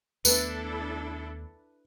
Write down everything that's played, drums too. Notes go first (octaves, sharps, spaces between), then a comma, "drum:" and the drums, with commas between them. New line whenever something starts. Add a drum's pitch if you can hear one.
D#2 A3 B3 D4 E4 A4 B4, drum: tambourine